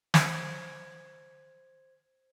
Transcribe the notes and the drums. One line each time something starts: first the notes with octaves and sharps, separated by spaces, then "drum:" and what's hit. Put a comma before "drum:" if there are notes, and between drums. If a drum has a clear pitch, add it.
C5 G#6, drum: snare